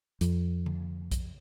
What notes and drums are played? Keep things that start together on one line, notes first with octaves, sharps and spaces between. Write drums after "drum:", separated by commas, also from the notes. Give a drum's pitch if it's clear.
F2, drum: hi-hat
drum: tom D3
drum: kick B1, hi-hat